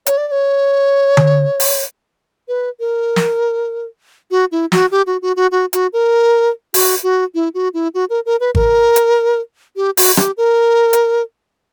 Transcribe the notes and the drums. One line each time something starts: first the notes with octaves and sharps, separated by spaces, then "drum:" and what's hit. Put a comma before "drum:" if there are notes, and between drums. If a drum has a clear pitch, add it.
C#5, drum: hi-hat
D5
D5
C#5
drum: tom D3
drum: open hi-hat
B4
A#4
drum: snare
F#4
E4
F#4, drum: snare
G4
F#4
F#4
F#4
F#4
F#4, drum: hi-hat
A#4
F#4, drum: open hi-hat
F#4
E4
F#4
E4
F#4
A#4
A#4
B4
A#4, drum: kick G#1
drum: hi-hat
G4
F#4, drum: open hi-hat
G4, drum: rim click
A#4
drum: hi-hat